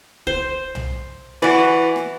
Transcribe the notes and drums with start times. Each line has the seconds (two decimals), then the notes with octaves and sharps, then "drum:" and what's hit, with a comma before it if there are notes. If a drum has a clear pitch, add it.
0.27 C5, drum: kick C2
0.75 drum: tom
1.42 E3 F#4 D5
1.96 drum: rim click